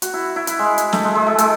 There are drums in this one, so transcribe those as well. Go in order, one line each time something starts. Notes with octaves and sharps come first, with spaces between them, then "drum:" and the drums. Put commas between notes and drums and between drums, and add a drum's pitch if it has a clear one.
F#4, drum: hi-hat
E4
E4
E4, drum: hi-hat
G#3
drum: hi-hat
A3, drum: snare
G#3
G#3
G#3
A3, drum: hi-hat